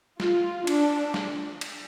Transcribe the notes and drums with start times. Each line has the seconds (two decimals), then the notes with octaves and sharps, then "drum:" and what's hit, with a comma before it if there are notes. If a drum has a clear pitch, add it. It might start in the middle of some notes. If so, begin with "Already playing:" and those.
0.20 F4, drum: snare
0.67 D4, drum: cymbal
1.14 drum: snare
1.61 drum: cymbal